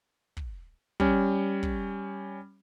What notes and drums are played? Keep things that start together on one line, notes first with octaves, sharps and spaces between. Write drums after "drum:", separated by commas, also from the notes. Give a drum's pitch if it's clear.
drum: kick
G3 C#4, drum: kick
drum: kick